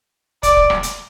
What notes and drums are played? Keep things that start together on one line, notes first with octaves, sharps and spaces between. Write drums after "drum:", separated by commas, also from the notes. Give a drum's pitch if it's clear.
D5, drum: kick, hi-hat
drum: kick
drum: rim click
drum: hi-hat